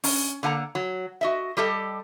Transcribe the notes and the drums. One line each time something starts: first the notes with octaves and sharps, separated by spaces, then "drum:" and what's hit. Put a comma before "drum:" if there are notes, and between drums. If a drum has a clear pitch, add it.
C#4, drum: open hi-hat
D3 A#3 F#5 G#5 A#5
F#3
F#4 D#5 E5
G3 G4 A4 D#5